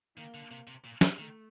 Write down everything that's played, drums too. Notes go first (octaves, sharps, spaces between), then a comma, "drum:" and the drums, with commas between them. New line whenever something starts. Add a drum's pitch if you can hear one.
D#3 A#3
D3
C3
C3
A#2
C3, drum: snare
D#3 A3